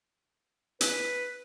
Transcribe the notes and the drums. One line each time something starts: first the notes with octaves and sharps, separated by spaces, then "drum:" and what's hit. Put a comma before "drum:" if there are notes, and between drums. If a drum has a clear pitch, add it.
B4, drum: hi-hat